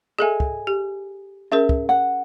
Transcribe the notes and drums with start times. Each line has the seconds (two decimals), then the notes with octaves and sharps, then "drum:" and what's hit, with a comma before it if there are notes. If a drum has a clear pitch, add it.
0.19 G#4 A4 D#5 E5 G#5
0.40 drum: kick
0.67 G4
1.52 C#4 G#4 A#4 E5
1.69 drum: kick
1.89 F#5